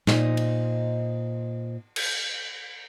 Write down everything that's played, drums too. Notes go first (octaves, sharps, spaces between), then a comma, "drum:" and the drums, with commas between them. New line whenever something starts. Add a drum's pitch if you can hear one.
A#2 D#4 C5 D#5, drum: snare
drum: cymbal
drum: cymbal